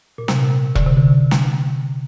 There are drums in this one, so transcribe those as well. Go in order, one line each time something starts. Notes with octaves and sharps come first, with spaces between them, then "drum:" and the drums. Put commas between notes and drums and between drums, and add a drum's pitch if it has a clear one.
A#2
C3, drum: snare
D3, drum: kick E1
C3
D3
drum: snare